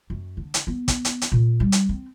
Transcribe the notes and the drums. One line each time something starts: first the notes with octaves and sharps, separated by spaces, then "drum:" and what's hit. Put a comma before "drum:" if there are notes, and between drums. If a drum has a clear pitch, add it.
F#2
D3
drum: hi-hat
B3
drum: kick, hi-hat
drum: hi-hat
drum: hi-hat
A#2
G3
drum: hi-hat
C4